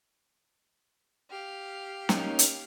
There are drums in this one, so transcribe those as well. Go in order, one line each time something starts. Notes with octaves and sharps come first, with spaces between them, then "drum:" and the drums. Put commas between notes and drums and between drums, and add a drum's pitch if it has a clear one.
G4 F5
A#3 C#4 D#4, drum: snare
drum: hi-hat